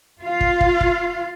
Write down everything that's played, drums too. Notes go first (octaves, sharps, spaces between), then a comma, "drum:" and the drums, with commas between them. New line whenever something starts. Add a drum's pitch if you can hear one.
F4 F5
drum: kick
drum: kick
drum: kick